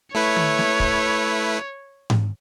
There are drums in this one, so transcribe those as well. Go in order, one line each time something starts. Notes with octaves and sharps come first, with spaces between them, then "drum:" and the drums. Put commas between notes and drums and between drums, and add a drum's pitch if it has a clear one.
A3 E4 B4 C#5
drum: tom
drum: snare
drum: kick
drum: tom G#2